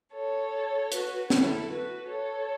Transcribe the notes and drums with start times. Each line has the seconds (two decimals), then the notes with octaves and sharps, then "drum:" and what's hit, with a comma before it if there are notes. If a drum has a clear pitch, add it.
0.14 A4 C#5
0.92 F#4 B4, drum: hi-hat
1.30 E4 A4, drum: snare
1.69 F#4 B4
2.08 A4 C#5